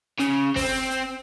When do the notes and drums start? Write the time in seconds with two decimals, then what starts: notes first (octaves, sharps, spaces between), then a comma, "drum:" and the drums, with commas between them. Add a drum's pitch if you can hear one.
0.20 C#3, drum: hi-hat
0.56 C4, drum: kick, open hi-hat
0.91 drum: hi-hat